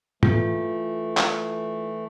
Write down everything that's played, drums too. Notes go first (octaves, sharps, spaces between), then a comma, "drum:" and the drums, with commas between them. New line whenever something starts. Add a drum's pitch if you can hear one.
E3 A3 F4, drum: tom G#2
drum: clap